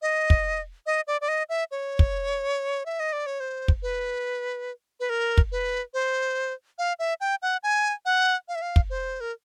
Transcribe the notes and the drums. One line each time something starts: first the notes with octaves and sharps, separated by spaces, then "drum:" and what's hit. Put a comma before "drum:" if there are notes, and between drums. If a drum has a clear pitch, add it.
D#5
drum: kick
D#5
D5
D5
D#5
E5
C#5
drum: kick
E5
D#5
D5
C#5
C5
drum: kick
B4
B4
A#4
drum: kick
B4
C5
F5
E5
G5
F#5
G#5
F#5
F5
E5
F5
drum: kick
C5
A#4